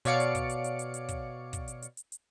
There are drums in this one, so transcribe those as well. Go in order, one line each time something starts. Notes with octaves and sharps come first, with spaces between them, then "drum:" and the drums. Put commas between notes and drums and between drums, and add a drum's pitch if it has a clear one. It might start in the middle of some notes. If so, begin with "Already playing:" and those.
B2 C#5 D5 F5 C#7 D7, drum: hi-hat
drum: hi-hat
drum: kick, hi-hat
drum: hi-hat
drum: hi-hat
drum: hi-hat
drum: hi-hat
drum: kick, hi-hat
drum: kick, hi-hat
drum: hi-hat
drum: hi-hat
drum: hi-hat
drum: hi-hat